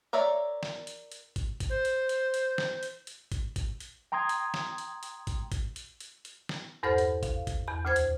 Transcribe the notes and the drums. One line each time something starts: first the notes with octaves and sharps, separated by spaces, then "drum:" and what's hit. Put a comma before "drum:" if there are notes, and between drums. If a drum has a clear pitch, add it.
A#4 C#5 D5 E5
drum: snare
drum: hi-hat
drum: hi-hat
drum: kick A1, hi-hat
drum: kick A1, hi-hat
C5
drum: hi-hat
drum: hi-hat
drum: hi-hat
drum: snare
drum: hi-hat
drum: hi-hat
drum: kick A1, hi-hat
drum: kick A1, hi-hat
drum: hi-hat
G5 A#5 C6 D#6 G#6
drum: hi-hat
drum: snare
drum: hi-hat
drum: hi-hat
drum: kick A1, hi-hat
drum: kick A1, hi-hat
drum: hi-hat
drum: hi-hat
drum: hi-hat
drum: snare
E2 G2 A4 C5 F#5 F6
drum: hi-hat
F5, drum: kick A1, hi-hat
drum: kick A1, hi-hat
E2 B5
D2 A#2 C5 G#6
drum: hi-hat